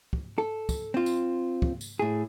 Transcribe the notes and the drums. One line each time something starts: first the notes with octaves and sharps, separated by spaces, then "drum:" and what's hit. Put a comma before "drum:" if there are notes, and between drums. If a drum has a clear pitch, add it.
drum: kick
A4
drum: kick, tambourine
C4 F4
drum: tambourine
drum: kick
drum: tambourine
A2 G#4